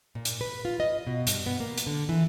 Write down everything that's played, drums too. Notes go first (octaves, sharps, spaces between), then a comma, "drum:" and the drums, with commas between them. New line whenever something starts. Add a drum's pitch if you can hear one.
A#2
drum: hi-hat
B4
F4
D#5
B2
G2, drum: hi-hat
B3
A#3
drum: hi-hat
D3
E3